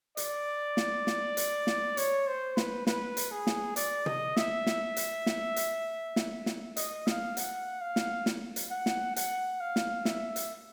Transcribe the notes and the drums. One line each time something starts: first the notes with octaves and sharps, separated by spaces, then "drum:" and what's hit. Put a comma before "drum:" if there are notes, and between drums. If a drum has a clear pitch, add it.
D5, drum: hi-hat
drum: snare
drum: snare
drum: hi-hat
drum: snare
C#5, drum: hi-hat
C5
B4, drum: snare
B4, drum: snare
drum: hi-hat
G#4
drum: snare
D5, drum: hi-hat
D#5, drum: tom
E5, drum: snare
drum: snare
drum: hi-hat
drum: snare
drum: hi-hat
drum: snare
drum: snare
D#5, drum: hi-hat
F5, drum: snare
F#5, drum: hi-hat
F5
drum: snare
drum: snare
drum: hi-hat
F#5
drum: snare
F#5, drum: hi-hat
F5
drum: snare
E5, drum: snare
drum: hi-hat